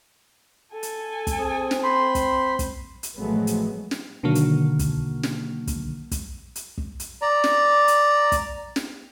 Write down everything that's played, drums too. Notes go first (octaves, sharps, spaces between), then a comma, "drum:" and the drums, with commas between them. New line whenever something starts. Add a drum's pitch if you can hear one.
A4 G#5
drum: hi-hat
drum: kick, hi-hat
C4 G#4
drum: snare
C5 B5 C6
drum: kick, hi-hat
drum: kick, hi-hat
drum: hi-hat
A1 F3 F#3 G#3 A3 B3
drum: hi-hat
drum: snare
B2 D3 D#3 F#3 A#3
drum: hi-hat
drum: kick, hi-hat
drum: snare
drum: kick, hi-hat
drum: kick, hi-hat
drum: hi-hat
drum: kick
drum: hi-hat
D5 A#5
drum: snare
drum: hi-hat
drum: kick, hi-hat
drum: snare